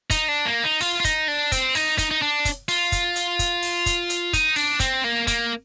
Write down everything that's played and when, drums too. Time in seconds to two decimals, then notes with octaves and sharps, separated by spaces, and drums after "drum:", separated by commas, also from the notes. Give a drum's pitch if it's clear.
0.10 D#4, drum: kick, hi-hat
0.28 D4
0.45 A#3
0.64 D#4
0.81 F4, drum: open hi-hat
1.00 F4
1.05 D#4, drum: kick, hi-hat
1.28 D4
1.52 C4, drum: kick, hi-hat
1.75 D#4, drum: open hi-hat
1.98 D#4, drum: kick, hi-hat
2.11 D#4
2.22 D4
2.45 drum: kick, hi-hat
2.69 F4, drum: open hi-hat
2.92 drum: kick, hi-hat
3.16 drum: hi-hat
3.39 drum: kick, hi-hat
3.63 drum: open hi-hat
3.86 drum: kick, hi-hat
4.10 drum: hi-hat
4.33 D#4, drum: kick, hi-hat
4.56 D4, drum: open hi-hat
4.80 C4, drum: kick, hi-hat
5.04 A#3
5.27 A#3, drum: kick, hi-hat